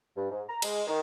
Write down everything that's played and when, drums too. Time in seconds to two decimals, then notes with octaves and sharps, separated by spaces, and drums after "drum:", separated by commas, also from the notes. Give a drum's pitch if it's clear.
0.15 G2
0.30 G#2
0.48 A#5
0.62 G#3, drum: cymbal
0.87 D#3